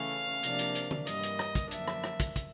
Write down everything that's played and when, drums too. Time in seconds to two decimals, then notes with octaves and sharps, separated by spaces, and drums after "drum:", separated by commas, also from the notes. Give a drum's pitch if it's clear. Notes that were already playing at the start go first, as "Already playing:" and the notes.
Already playing: C#3 E3 A3 C#4 F5
0.43 C3 F3 A#3 D4, drum: hi-hat
0.59 drum: hi-hat
0.75 drum: hi-hat
0.91 drum: tom
1.07 G2 E3 G3 A#3 D#5, drum: hi-hat
1.23 drum: hi-hat
1.39 drum: rim click
1.55 drum: kick, hi-hat
1.71 F#2 D3 F3 A#3 D4 E5, drum: hi-hat
1.88 drum: rim click
2.04 drum: rim click
2.20 drum: kick, hi-hat
2.36 drum: kick, hi-hat